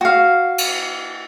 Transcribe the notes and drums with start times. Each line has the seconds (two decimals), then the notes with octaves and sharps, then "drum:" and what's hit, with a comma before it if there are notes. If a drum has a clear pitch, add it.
0.01 F#4 F5
0.58 drum: cymbal